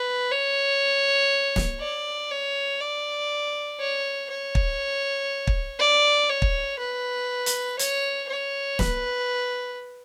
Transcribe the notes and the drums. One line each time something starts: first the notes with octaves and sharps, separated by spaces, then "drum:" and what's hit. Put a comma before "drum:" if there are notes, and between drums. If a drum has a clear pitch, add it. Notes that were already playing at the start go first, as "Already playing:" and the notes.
Already playing: B4
C#5
drum: snare
D5
C#5
D5
C#5
C#5
drum: kick
drum: kick
D5
C#5
drum: kick
B4
drum: hi-hat
C#5, drum: hi-hat
C#5
B4, drum: snare